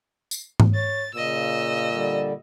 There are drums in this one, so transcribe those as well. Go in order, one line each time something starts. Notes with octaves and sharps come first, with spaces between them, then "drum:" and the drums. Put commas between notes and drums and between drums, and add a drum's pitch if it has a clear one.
drum: tambourine
drum: tom G#2
C#5 A6
A#2 C#3 D#5 E6
D3 G3